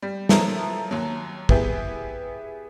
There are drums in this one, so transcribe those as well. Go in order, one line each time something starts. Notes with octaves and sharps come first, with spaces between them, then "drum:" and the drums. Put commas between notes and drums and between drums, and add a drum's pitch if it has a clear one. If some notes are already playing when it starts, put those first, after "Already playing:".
G3
F3 F#3 B3 E4 A4 A#4, drum: snare
D#2 F#3
B3 E4 G4 G#4 B4, drum: kick